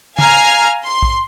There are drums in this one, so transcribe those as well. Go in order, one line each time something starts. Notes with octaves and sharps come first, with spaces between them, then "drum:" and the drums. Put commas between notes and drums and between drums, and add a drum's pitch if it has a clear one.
F5 G#5 A#5 F6 G#6 C7, drum: tom
C6
drum: kick A#1